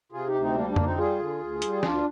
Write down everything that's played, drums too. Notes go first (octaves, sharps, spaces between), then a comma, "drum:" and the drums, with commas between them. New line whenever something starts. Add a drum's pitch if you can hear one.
C3 F4 G#4
D#4 G4
D2
C4 D#4
G3 A#3 D4
A#3 D4
D2, drum: tom F2
C4 D#4
G3 F4 G#4
D3
D2
G3, drum: hi-hat
D2 D4 F4, drum: snare